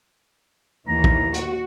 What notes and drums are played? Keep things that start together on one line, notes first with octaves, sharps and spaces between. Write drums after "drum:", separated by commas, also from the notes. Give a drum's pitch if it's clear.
D#2 E3 A#5
drum: kick A#1
F#4, drum: hi-hat